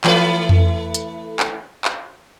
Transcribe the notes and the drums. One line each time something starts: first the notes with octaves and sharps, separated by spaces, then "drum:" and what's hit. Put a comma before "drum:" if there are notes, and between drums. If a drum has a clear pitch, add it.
E3 A3 B4, drum: clap
drum: tom F2
drum: hi-hat
drum: clap
drum: clap